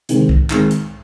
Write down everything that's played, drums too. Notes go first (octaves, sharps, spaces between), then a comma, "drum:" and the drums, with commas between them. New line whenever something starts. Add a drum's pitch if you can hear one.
C3 D#3 G#3 C4 G4, drum: hi-hat
drum: kick
D#3 G#3 C4, drum: clap
drum: hi-hat